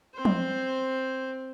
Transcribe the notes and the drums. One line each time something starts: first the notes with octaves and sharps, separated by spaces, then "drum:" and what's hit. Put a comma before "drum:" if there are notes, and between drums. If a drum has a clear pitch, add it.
C4 C5
drum: tom